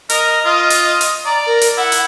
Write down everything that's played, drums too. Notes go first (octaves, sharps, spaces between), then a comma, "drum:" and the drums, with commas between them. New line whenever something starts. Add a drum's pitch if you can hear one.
A#4 D#5, drum: hi-hat
F4 D#5
drum: hi-hat
drum: hi-hat
D5 A#5
A#4
drum: hi-hat
E4 F#5
drum: hi-hat